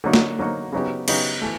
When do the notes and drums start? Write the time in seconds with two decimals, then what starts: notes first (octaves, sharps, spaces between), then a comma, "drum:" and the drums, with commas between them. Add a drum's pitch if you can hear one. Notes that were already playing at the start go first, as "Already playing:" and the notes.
0.04 D3 F#3 A#3 D#4 F#4
0.14 drum: snare
0.39 D3 F#3 A#3 D#4 F#4
0.72 C#3 F#3 B3 D#4 G4
1.08 C#3 F#3 B3 D#4 G4, drum: cymbal
1.42 E3 A3